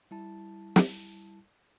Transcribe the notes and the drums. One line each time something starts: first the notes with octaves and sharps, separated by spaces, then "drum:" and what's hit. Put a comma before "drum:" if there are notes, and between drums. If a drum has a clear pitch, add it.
G3 E4 A5
drum: snare